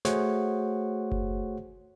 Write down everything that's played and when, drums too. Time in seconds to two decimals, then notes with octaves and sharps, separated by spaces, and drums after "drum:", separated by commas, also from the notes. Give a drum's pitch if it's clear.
0.05 A3 F#4 G#4 C5 C#5 F#5, drum: snare
1.12 drum: kick F#1